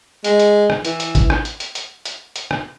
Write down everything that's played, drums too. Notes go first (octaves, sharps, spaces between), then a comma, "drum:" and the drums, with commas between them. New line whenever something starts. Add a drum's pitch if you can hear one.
G#3, drum: hi-hat
drum: hi-hat
drum: rim click
E3, drum: hi-hat
drum: hi-hat
drum: kick A1, hi-hat
drum: rim click
drum: hi-hat
drum: hi-hat
drum: hi-hat
drum: hi-hat
drum: hi-hat
drum: rim click